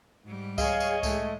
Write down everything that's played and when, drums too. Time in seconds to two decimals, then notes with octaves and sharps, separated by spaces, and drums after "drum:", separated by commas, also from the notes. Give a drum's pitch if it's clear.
0.25 G#2 G3
0.58 G#4 C#5 D#5 F5, drum: kick C#2, tambourine
0.80 drum: tambourine
1.03 A2 G#3 A3, drum: kick C#2, tambourine